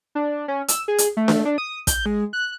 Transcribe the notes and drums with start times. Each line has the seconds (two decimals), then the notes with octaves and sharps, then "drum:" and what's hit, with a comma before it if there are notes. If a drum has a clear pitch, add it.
0.15 D4
0.48 C#4
0.68 E6, drum: hi-hat
0.88 G#4
0.98 drum: hi-hat
1.17 A3
1.28 drum: snare D4
1.45 D4
1.58 D#6
1.87 G6, drum: kick, hi-hat
2.06 G#3
2.33 F#6